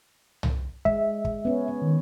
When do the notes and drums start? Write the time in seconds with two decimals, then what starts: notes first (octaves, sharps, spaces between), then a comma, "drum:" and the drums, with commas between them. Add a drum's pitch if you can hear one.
0.43 drum: tom C2
0.85 G#3 E5, drum: kick
1.25 drum: kick
1.45 B3 C#4
1.82 D#3